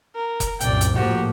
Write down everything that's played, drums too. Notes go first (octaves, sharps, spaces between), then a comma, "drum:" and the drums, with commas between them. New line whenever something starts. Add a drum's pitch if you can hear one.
A#4
drum: kick F1, hi-hat
C2 F#2 A#2 D5 G5, drum: hi-hat
drum: hi-hat
A2 F3 A#3 F#4 G4